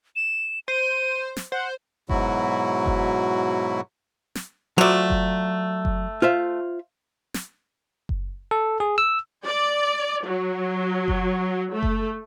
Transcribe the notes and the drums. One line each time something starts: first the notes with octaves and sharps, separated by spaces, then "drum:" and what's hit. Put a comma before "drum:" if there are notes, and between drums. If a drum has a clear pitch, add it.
E7
C5 D#7
drum: snare
C5 F#5
G#2 B2 F#3 E4 F#4, drum: kick F#1
drum: kick F#1
drum: snare
F3 F#3 A3 D5
drum: kick F#1
drum: kick F#1
F4 C5 E5
drum: snare
drum: kick F#1
A4
G#4
E6
D5
F#3
drum: kick F#1
A3
drum: kick F#1